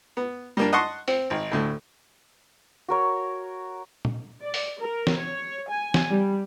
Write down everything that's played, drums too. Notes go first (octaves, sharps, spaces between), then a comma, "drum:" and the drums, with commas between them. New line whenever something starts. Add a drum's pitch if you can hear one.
B3
G3 A#3 D4
D#5 F#5 A5 C6 C#6
C4, drum: open hi-hat
G#1
D2 A2
F#4 A#4 C#5
drum: tom A#2
D5
drum: open hi-hat
A#4
drum: snare
C#5
G#5
drum: snare
G3